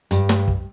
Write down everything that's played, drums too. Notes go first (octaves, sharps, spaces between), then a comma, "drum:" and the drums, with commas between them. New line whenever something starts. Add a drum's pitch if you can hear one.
G2, drum: hi-hat
drum: snare
drum: kick